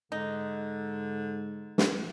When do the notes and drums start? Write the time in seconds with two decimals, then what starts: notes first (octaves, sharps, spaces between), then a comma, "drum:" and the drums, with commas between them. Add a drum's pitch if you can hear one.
0.12 G#2 D3 D#4
1.78 drum: snare